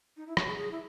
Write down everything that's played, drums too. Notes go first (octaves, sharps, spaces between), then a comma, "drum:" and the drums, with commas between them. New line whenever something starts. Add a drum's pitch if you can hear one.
D#4
E4
F#4, drum: rim click
G#4
G#4
E4